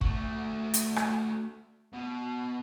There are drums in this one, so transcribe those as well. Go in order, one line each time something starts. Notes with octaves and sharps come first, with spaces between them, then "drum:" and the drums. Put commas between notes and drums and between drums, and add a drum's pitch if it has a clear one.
A3 F#4, drum: kick
drum: hi-hat
drum: rim click
B2